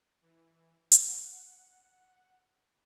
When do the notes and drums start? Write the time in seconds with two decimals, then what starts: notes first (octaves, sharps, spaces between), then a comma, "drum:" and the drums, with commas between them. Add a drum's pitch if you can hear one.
0.22 E3
0.92 drum: hi-hat
1.04 F#5